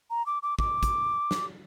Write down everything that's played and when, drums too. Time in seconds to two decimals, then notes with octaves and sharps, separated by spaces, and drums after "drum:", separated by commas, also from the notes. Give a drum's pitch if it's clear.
0.10 A#5
0.26 D6
0.43 D6
0.59 D6, drum: kick
0.83 drum: kick, hi-hat
1.31 drum: snare